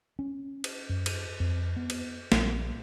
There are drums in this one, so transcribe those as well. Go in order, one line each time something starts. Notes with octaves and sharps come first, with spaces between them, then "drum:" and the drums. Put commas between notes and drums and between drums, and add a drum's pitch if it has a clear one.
C#4
drum: cymbal
F#2
drum: cymbal
F2
B3
drum: cymbal
A#1, drum: snare